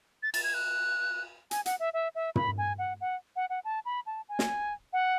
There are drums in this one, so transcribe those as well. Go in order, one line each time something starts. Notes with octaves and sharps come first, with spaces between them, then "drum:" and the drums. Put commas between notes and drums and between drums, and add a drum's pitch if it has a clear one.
A6
A6, drum: cymbal
G#6
F#6
G#5, drum: hi-hat
F#5, drum: hi-hat
E5
E5
E5
B5, drum: tom
G#5
F#5
F#5
F#5
F#5
A5
B5
A5
G#5
drum: snare
F#5